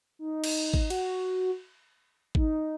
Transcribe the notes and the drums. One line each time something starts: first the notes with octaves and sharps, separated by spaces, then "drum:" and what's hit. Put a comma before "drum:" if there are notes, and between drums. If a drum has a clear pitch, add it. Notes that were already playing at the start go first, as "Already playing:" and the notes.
D#4
drum: cymbal
drum: kick
F#4, drum: cymbal
D#4, drum: kick